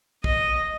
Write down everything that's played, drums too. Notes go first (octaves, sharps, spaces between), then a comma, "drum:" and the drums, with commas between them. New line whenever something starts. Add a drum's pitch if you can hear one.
D#5, drum: kick